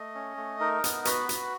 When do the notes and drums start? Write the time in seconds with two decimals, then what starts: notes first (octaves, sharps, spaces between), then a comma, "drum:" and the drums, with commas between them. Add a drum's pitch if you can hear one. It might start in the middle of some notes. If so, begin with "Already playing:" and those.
Already playing: A3 D#5
0.15 C#4
0.37 A3
0.60 D#4 A#4
0.84 B3, drum: hi-hat
1.05 F#4 B4, drum: hi-hat
1.29 F#4, drum: hi-hat